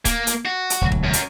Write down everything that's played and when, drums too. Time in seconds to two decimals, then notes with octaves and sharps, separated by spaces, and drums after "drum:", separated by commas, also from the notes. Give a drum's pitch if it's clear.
0.05 A#3, drum: kick, hi-hat
0.27 drum: hi-hat
0.45 F#4
0.70 drum: hi-hat
0.81 E1 D2 F#3
0.92 drum: kick
1.04 F#2
1.13 drum: hi-hat